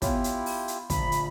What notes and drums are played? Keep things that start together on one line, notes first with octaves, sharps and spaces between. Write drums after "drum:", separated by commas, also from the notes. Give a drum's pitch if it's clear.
B3 E4 F4 G4 C#5, drum: kick, hi-hat
drum: hi-hat
drum: open hi-hat
drum: hi-hat
A#1 D3 A3 B5, drum: kick, hi-hat
drum: hi-hat